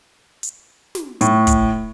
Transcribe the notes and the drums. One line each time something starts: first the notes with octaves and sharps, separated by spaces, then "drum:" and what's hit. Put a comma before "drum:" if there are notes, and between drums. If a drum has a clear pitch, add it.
drum: hi-hat
drum: snare
A2, drum: hi-hat
drum: kick, hi-hat